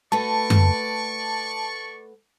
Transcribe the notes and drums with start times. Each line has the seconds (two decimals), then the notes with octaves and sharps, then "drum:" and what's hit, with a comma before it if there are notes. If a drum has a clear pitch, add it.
0.12 A3 F#4 B4 D5 A5 C#6
0.50 drum: tom F#2